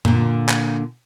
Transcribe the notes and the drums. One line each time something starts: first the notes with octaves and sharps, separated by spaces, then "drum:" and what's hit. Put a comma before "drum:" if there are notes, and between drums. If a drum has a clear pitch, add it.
A#2 D3, drum: tom F#2
drum: clap